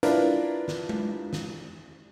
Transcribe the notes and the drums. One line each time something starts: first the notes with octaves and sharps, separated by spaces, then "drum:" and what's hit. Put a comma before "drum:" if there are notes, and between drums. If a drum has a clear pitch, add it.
D4 E4 F4 A#4 B4 D5, drum: hi-hat
drum: snare
drum: tom G#3
drum: snare